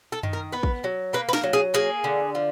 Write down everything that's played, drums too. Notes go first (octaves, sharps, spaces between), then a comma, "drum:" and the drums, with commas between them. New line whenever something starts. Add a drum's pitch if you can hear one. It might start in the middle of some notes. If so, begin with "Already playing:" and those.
A4
D#3, drum: tom F#2
A#4
B3 B4
drum: kick A1
F#3
A#3 B4
B4
A#4, drum: snare
F#3
G#4
A#3 G#4
D3
F3